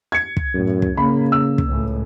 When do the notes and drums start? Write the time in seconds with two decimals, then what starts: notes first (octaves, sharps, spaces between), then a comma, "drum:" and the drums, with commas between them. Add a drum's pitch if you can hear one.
0.12 G#6 C#7
0.37 drum: kick
0.54 F#2 A2
0.82 drum: kick
0.97 C#3 A#3 B5
1.32 E6
1.58 drum: kick
1.67 C#2 A2